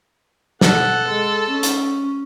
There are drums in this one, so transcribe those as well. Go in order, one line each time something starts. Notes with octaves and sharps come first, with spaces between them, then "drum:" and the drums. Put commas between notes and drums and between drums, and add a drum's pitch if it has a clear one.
A4 F#5, drum: snare
G#3
C#4
drum: hi-hat